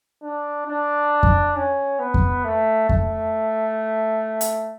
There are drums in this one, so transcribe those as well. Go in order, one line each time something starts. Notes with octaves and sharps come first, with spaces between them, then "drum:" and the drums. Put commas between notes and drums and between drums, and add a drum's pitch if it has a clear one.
D4
D4
drum: kick F2
C#4
B3
drum: kick F2
A3
A3, drum: kick F2
drum: hi-hat